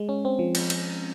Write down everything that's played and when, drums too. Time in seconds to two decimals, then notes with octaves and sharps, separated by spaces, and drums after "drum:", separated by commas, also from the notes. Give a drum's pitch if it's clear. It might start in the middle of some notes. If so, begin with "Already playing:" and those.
Already playing: G#3
0.09 C#4
0.25 C4
0.39 F3
0.55 drum: cymbal
0.70 drum: cymbal